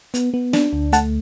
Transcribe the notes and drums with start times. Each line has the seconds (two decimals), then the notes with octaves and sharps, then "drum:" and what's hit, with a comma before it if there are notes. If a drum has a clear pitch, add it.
0.14 B3, drum: hi-hat
0.34 B3
0.53 D4, drum: snare
0.73 D2
0.92 A3 F#5 A5, drum: hi-hat